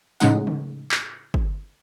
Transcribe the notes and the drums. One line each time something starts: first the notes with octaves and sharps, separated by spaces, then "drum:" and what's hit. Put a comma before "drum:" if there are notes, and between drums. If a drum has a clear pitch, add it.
A2 C#3 F3 G#3 D#4 F#5, drum: tambourine
drum: tom C#3
drum: clap
drum: kick